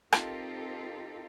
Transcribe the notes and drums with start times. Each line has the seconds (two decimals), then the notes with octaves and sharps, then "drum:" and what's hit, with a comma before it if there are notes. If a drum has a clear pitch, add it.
0.12 C4 D#4 F4 G4 A4 A#4, drum: rim click